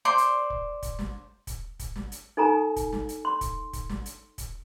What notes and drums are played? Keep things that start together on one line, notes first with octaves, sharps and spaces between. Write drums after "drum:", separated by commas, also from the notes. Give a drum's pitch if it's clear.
C5 D5 C6
drum: hi-hat
drum: kick
drum: kick, hi-hat
drum: snare
drum: kick, hi-hat
drum: kick, hi-hat
drum: snare
drum: hi-hat
D#4 A4 G#5 A#5
drum: kick, hi-hat
drum: snare
drum: hi-hat
C6
drum: kick, hi-hat
drum: kick, hi-hat
drum: snare
drum: hi-hat
drum: kick, hi-hat